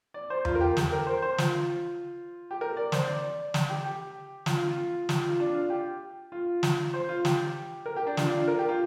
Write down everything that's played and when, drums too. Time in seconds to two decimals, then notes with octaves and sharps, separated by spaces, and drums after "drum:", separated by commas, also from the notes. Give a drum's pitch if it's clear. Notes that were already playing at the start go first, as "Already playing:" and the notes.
0.14 D5
0.30 C5
0.45 F4, drum: tom E2
0.55 A#4
0.61 G4
0.77 G4, drum: snare
0.92 A#4
1.07 C5
1.22 C5
1.38 F4, drum: snare
2.51 G4
2.61 A#4
2.77 D5
2.92 C5, drum: snare
3.07 D5
3.54 drum: snare
3.69 G4
3.85 G4
4.46 F4, drum: snare
4.56 F4
4.68 F4
5.09 G4, drum: snare
5.18 F4
5.29 F4
5.40 D4
5.54 F4
5.70 G4
6.32 F4
6.63 drum: snare
6.93 C5
7.09 F4
7.25 G4, drum: snare
7.86 A#4
7.96 G4
8.07 D4
8.17 F4, drum: snare
8.28 D4
8.37 F4
8.48 A#4
8.59 G4
8.69 F4